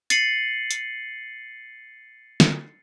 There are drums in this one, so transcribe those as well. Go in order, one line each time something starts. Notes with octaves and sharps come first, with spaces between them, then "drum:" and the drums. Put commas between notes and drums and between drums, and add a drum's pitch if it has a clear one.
A6 C7 C#7 D#7 F#7, drum: hi-hat
drum: hi-hat
drum: snare